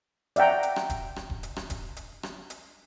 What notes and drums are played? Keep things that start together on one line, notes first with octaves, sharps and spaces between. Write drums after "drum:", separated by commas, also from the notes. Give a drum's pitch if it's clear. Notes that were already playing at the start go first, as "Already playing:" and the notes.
D5 E5 F#5 G5 A#5, drum: hi-hat
drum: hi-hat
drum: rim click
drum: kick D#1, hi-hat
drum: rim click
drum: kick D#1
drum: hi-hat
drum: rim click
drum: kick D#1, hi-hat
drum: hi-hat
drum: rim click
drum: hi-hat